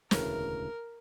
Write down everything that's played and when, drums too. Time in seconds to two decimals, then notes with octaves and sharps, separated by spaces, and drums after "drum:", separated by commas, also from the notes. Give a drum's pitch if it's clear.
0.11 E1 D2 C#3 E3 A#4, drum: snare